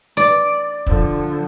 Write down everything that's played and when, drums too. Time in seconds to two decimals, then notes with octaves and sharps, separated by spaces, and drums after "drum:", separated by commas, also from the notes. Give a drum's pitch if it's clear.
0.17 D5
0.87 D3 F3, drum: kick